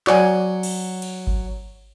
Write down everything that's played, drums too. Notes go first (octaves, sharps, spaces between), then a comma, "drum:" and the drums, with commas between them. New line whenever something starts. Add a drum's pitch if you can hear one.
F#3 F#4 D5 G#5, drum: clap
drum: cymbal
drum: cymbal
drum: kick G#1